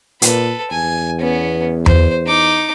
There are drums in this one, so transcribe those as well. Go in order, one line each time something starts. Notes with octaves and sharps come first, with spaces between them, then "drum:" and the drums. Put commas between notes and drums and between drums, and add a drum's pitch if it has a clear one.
A#2 A4 B4, drum: hi-hat
E2 G#5
B3 C#4
C5, drum: tom E2
D#4 D6